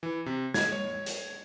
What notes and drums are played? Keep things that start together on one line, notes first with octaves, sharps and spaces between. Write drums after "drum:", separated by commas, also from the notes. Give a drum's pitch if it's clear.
E3
C3
G#6, drum: snare
C#5
drum: hi-hat